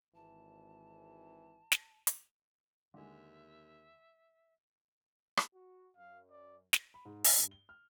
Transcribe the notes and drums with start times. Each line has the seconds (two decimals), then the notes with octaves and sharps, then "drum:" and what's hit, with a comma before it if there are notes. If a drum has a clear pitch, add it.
0.15 G#1 E3 A5
1.72 drum: snare
2.07 drum: hi-hat
2.94 D#2 D3 G#3 E5
5.37 drum: rim click
5.53 F#4
5.97 F#2 F5
6.31 D5
6.73 drum: snare
6.94 B5
7.05 G#2
7.24 B5, drum: open hi-hat
7.37 G2
7.51 G7
7.69 F6